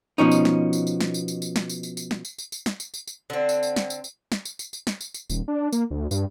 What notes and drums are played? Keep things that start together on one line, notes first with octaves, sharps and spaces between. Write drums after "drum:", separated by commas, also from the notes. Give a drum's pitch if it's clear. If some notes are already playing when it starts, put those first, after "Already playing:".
B2 F3 C#4 D#4
drum: tambourine
drum: snare
drum: tambourine
drum: tambourine
drum: snare
drum: tambourine
drum: tambourine
drum: tambourine
drum: snare
drum: tambourine
drum: tambourine
drum: tambourine
drum: snare
drum: tambourine
drum: tambourine
drum: tambourine
drum: snare
drum: tambourine
drum: tambourine
drum: tambourine
D3 C4
drum: tambourine
drum: tambourine
drum: snare
drum: tambourine
drum: tambourine
drum: snare
drum: tambourine
drum: tambourine
drum: tambourine
drum: snare
drum: tambourine
drum: tambourine
D#1, drum: tambourine
D4
A#3, drum: tambourine
D2
G2, drum: tambourine